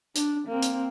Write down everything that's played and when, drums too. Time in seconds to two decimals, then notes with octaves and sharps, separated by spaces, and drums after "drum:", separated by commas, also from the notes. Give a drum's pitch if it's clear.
0.16 D4, drum: hi-hat
0.47 A#3 C4
0.62 drum: hi-hat